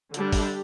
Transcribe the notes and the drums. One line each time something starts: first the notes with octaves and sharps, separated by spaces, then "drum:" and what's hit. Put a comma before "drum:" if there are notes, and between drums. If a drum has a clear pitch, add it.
D3 G3 D4 G4, drum: hi-hat
drum: kick, open hi-hat